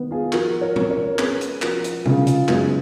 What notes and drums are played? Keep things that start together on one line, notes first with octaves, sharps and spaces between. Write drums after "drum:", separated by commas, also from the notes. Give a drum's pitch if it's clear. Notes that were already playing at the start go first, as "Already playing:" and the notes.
Already playing: D#3 B3
F4 G#4
F3 F#4 A#4, drum: clap
A#4 C#5
C#4, drum: tom
A#4 C#5
A#4
C#4 G#4 B4, drum: clap
drum: hi-hat
F3 F#4 A#4, drum: clap
drum: hi-hat
C#3 F4 G#4, drum: tom G3
F4 G#4, drum: hi-hat
F#2 G#3 B3, drum: clap